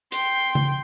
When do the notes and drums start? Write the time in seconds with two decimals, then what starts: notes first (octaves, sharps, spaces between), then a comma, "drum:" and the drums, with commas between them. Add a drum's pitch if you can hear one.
0.12 G5 C6, drum: hi-hat
0.55 drum: tom C#3